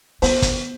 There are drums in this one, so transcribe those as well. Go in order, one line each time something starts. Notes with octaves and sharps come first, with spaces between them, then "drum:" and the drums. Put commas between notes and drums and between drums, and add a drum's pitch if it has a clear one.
B3 C5, drum: open hi-hat
drum: kick, hi-hat